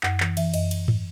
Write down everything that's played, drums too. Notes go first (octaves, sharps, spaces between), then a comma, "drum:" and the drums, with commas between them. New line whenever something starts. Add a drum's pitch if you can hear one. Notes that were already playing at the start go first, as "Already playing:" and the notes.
F#2 F#5, drum: clap
E3, drum: clap
E3 E5, drum: cymbal
F#2 D#5, drum: cymbal
drum: cymbal
drum: tom G#2